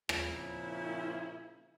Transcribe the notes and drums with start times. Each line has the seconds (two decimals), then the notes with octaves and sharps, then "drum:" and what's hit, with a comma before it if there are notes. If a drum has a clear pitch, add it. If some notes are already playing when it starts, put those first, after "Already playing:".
0.09 A#2 C#3 F3 C4 C#4 E4, drum: rim click